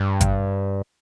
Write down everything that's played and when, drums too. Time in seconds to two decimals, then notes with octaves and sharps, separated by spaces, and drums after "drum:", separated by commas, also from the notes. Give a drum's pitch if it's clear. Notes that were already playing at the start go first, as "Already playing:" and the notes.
Already playing: G2
0.21 drum: kick G#1, hi-hat